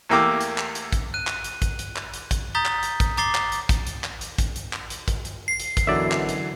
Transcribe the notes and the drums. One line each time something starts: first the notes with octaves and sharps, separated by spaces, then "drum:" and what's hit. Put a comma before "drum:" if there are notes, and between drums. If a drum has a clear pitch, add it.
E2 A3 A#3 G4 D6 E6
drum: hi-hat
drum: clap
drum: hi-hat
drum: kick, hi-hat
F#6 D#7
drum: clap
drum: hi-hat
drum: kick, hi-hat
drum: hi-hat
drum: clap
drum: hi-hat
drum: kick, hi-hat
A#5 D#6 G6 A6 B6 G7
drum: clap
drum: hi-hat
drum: kick, hi-hat
A#5 D6 A6 C7 G7, drum: hi-hat
drum: clap
drum: hi-hat
drum: kick, hi-hat
drum: hi-hat
drum: clap
drum: hi-hat
drum: kick, hi-hat
drum: hi-hat
drum: clap
drum: hi-hat
drum: kick, hi-hat
drum: hi-hat
C7
drum: hi-hat
drum: kick, hi-hat
F#2 B2 D3 E3 F#3 D5 E5
drum: clap
drum: hi-hat